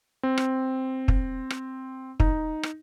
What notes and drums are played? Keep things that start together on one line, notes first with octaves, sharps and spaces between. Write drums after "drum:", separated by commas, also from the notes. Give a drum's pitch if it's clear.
C4
drum: rim click
drum: kick
drum: rim click
D#4, drum: kick
drum: rim click